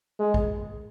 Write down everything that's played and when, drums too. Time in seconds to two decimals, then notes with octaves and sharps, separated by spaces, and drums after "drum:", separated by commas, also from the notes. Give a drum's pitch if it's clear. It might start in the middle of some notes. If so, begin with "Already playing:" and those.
0.20 G#3
0.34 drum: kick